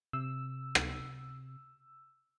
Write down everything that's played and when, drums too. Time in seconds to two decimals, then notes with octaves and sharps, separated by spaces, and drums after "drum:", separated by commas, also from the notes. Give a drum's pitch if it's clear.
0.13 C3 E6
0.75 drum: rim click